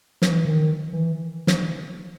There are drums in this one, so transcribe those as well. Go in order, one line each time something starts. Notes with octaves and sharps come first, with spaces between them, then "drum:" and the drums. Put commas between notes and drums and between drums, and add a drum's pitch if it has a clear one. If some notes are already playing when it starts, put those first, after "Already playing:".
E3, drum: snare
D#3
E3
drum: snare